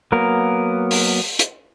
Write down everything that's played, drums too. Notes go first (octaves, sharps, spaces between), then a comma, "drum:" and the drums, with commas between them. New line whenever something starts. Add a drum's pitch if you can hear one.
F#3 A#3 B3 A#4
drum: open hi-hat
drum: hi-hat